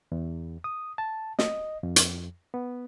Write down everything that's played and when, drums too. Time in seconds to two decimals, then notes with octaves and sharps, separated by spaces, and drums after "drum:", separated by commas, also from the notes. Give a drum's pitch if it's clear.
0.12 E2
0.64 D#6
0.98 A5
1.39 D#5, drum: snare
1.83 F2
1.96 drum: hi-hat
2.54 B3